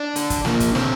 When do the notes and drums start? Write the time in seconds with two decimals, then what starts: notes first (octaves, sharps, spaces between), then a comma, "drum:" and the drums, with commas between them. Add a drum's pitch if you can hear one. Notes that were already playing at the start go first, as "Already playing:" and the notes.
Already playing: D4
0.16 D3, drum: hi-hat
0.30 drum: kick, hi-hat
0.45 F3 A#3, drum: snare
0.60 drum: kick, hi-hat
0.75 D3 C4, drum: snare